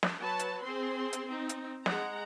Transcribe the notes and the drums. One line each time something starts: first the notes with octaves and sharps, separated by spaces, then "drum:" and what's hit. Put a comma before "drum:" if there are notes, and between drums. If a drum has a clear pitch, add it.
drum: snare
F#3 B4 A5
drum: hi-hat
C4 G#4 C5 C6
drum: hi-hat
C4 D#4
drum: hi-hat
G#3 F#5 A#5, drum: snare